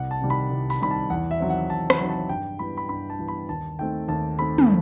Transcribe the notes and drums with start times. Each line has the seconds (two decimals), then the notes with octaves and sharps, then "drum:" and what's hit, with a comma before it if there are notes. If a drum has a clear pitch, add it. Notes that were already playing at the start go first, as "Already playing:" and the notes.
Already playing: C2 F#5
0.11 A5
0.21 C3 D#3 G3
0.30 B5
0.50 C2
0.70 B5, drum: open hi-hat
0.81 C3 D#3 G3 B5
0.91 A5
1.10 E2 F#5
1.31 E5
1.40 D#3 F#3 C4
1.50 F#5
1.69 E2 A5
1.90 B5, drum: rim click
1.99 D#3 F#3 C4
2.09 A5
2.29 G2 G5
2.59 E3 G3 B3 B5
2.77 B5
2.89 G2 B5
3.10 A5
3.19 E3 G3 B3
3.28 B5
3.49 D#2 A5
3.79 D#3 A3 C4 G5
4.08 D#2 A5
4.38 D#3 A3 C4 B5
4.58 drum: tom